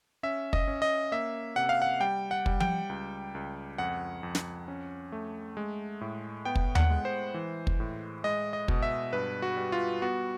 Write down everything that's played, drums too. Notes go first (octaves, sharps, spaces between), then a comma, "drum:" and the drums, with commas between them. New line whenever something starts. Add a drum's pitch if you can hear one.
C#4 E5
D#5, drum: kick
C#4
D#5
A#3 E5
C3 F#5
F5
F#5
G3 G5
F#5
G3, drum: kick
G5, drum: tom F3
C#2
C#2
F2 F#5
F2
drum: snare
C#4
A3
G#3
A2
B3 G5
drum: kick
F#5, drum: tom D#2
G#3
C5
E3
drum: kick
A2
G#3 D#5
D#5
B2, drum: kick
E5
G2 B4
F#4
G3
F4
B3 F#4